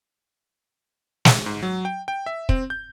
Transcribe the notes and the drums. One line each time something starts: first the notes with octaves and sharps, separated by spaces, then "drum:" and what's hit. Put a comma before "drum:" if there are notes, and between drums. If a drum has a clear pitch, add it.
drum: snare
G#2
F#3
G5
G5
E5
C4, drum: kick
G6